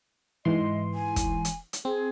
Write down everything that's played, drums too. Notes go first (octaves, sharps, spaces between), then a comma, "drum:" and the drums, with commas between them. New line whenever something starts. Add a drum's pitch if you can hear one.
G#2 E3 D#5 C6
G#5
drum: kick, hi-hat
drum: hi-hat
drum: hi-hat
C4 G#4